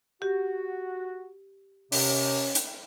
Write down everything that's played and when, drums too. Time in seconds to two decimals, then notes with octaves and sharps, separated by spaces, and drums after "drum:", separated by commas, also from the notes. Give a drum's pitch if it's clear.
0.22 F#4 G4
1.92 D#2 C3 C#4, drum: open hi-hat
2.55 drum: hi-hat